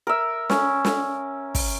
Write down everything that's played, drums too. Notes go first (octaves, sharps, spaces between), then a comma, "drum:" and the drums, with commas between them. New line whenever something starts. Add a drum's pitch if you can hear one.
A#4 E5
C#4, drum: snare
drum: snare
drum: kick, open hi-hat